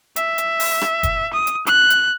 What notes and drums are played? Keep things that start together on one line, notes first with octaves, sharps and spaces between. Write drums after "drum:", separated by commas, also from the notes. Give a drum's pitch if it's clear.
E5, drum: hi-hat
drum: hi-hat
drum: open hi-hat
drum: rim click
drum: kick, hi-hat
D#6
drum: hi-hat
F#6, drum: hi-hat
drum: hi-hat